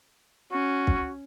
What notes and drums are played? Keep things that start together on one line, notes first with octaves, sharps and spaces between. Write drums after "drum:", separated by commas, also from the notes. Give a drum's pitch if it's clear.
C#4 F#4
drum: kick